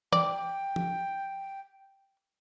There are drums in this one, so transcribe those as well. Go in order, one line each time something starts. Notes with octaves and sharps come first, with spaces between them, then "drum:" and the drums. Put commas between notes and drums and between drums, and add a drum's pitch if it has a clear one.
D5 G5, drum: tom E3
drum: tom F3